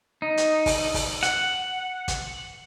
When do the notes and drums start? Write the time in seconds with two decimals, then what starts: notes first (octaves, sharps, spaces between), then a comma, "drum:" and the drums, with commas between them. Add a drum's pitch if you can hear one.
0.22 D#4
0.38 drum: hi-hat
0.66 drum: kick, open hi-hat
0.94 drum: kick, open hi-hat
1.23 F#5, drum: hi-hat
2.08 drum: kick, hi-hat